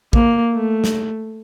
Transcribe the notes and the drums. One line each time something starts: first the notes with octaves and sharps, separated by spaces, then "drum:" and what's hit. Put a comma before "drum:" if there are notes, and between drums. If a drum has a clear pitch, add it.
A#3, drum: kick
A3
drum: snare